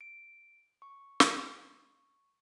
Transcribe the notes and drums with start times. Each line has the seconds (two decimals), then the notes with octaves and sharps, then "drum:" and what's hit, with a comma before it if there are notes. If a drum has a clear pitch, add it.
0.01 D7
0.82 C#6
1.20 drum: snare